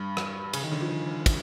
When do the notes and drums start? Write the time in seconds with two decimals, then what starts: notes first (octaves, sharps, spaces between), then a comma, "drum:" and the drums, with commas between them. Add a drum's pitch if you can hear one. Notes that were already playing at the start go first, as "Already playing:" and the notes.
Already playing: G2
0.17 drum: rim click
0.53 C#3, drum: cymbal
0.63 D#3
0.72 D3
0.81 F3
1.26 drum: kick, cymbal